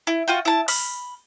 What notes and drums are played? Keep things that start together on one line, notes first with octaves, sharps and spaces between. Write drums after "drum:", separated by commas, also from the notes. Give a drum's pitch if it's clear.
E4
F4 F#4 G5
E4 A5
B5 F6, drum: open hi-hat